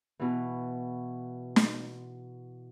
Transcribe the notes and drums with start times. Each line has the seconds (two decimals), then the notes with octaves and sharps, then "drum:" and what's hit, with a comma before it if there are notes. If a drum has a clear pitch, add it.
0.19 B2 E3
1.56 drum: snare